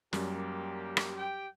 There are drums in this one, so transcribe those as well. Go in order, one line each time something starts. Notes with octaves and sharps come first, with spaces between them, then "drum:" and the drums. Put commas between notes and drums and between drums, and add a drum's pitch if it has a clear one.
F#2 G3 A#3 G4, drum: snare
drum: rim click
G4 G5